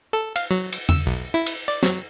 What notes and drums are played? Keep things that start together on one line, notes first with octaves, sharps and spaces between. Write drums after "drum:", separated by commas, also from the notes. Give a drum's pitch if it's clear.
A4
F5, drum: cymbal
F#3
drum: cymbal
E6, drum: tom E2
B1
E4
drum: cymbal
D5
F#3, drum: snare